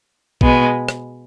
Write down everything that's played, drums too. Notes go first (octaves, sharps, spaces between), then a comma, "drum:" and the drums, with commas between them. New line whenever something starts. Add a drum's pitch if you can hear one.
B2 G#3 B3, drum: kick A#1
drum: rim click